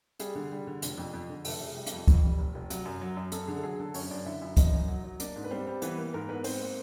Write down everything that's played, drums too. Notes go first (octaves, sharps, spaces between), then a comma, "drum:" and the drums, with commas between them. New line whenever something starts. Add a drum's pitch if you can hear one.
G3 G#4, drum: hi-hat
D3
G3
D3
F1, drum: hi-hat
F2
F2
D3
F1 A4, drum: open hi-hat
F1 G#4
G3
A4, drum: hi-hat
F2
F2, drum: kick C#2, hi-hat
G3
F1
F1
F#3, drum: hi-hat
F#2
F#3
F#2
F#2 A4, drum: hi-hat
D3 G#4
A4
F#3 G#4
D3 A4
F#2 C#4 C#5, drum: open hi-hat
F#2 D4 D5
D3 E4 E5
F#2 E4 E5
F#2 D#4 D#5, drum: kick C#2, hi-hat
F#2
F#3
F#3
A#3 D4 D5, drum: hi-hat
G#2
B4
G3 C4 C5
G3
E3 B3 B4, drum: hi-hat
A#3
G#2 A#3 A#4
G#2 B3 B4
G#2 C4 C5, drum: open hi-hat
A#3